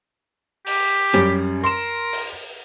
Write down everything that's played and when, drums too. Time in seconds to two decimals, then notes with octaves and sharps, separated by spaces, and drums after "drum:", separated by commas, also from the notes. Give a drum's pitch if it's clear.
0.66 G4, drum: open hi-hat
1.13 F#2 G3 C#4, drum: hi-hat
1.64 A#4 C6 E7
2.13 drum: open hi-hat